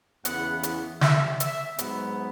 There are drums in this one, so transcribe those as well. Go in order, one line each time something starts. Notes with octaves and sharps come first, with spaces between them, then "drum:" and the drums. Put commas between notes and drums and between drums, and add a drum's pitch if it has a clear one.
E2 C#3 E3 B3 F#5, drum: hi-hat
drum: hi-hat
E5, drum: snare
E5, drum: hi-hat
G#2 F#3 B3, drum: hi-hat